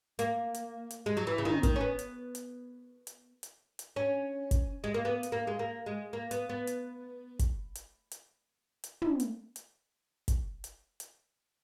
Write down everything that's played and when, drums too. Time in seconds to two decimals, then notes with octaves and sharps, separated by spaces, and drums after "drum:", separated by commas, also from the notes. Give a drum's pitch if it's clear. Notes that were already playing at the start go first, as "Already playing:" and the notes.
0.19 A#3, drum: hi-hat
0.54 drum: hi-hat
0.91 drum: hi-hat
1.06 G#3
1.17 F#3
1.27 E3
1.38 C#3
1.45 D#3, drum: tom
1.63 D#3, drum: kick, hi-hat
1.76 C#4
1.81 B3
1.99 drum: hi-hat
2.35 drum: hi-hat
3.07 drum: hi-hat
3.43 drum: hi-hat
3.79 drum: hi-hat
3.96 C#4
4.51 drum: kick, hi-hat
4.84 G#3
4.94 A#3
5.05 B3
5.23 drum: hi-hat
5.32 A#3
5.47 G#3
5.59 A#3
5.86 G#3
6.13 A#3
6.31 B3, drum: hi-hat
6.49 B3
6.67 drum: hi-hat
7.39 drum: kick, hi-hat
7.75 drum: hi-hat
8.11 drum: hi-hat
8.84 drum: hi-hat
9.02 drum: tom
9.20 drum: hi-hat
9.56 drum: hi-hat
10.28 drum: kick, hi-hat
10.64 drum: hi-hat
11.00 drum: hi-hat